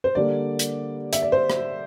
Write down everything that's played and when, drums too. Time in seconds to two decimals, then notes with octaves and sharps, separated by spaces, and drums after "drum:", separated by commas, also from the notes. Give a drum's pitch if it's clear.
0.04 C5
0.15 D3 G3 A#3 D5
0.59 drum: hi-hat
1.13 E5, drum: hi-hat
1.22 D5
1.32 C5
1.50 drum: rim click